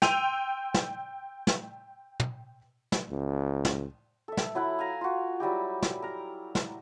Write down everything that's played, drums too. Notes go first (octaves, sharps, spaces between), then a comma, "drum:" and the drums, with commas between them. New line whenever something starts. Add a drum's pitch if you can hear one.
G5 C6 E6 D#7 F7, drum: snare
drum: snare
drum: snare
drum: tom
drum: snare
C#2
drum: snare
A4 E5
drum: snare
F#3 E4 F#5 B5
F5 G#5 A#5
F4 F#4
F#3 G3 E4 G4
drum: snare
A#4 A#5
drum: snare